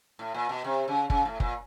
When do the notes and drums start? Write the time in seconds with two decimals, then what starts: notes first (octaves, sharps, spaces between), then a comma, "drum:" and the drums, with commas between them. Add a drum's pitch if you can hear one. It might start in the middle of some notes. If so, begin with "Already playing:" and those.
0.19 A2
0.34 A#2
0.49 B2
0.64 C3
0.88 C#3
1.10 C#3, drum: kick
1.25 A2
1.40 A#2, drum: kick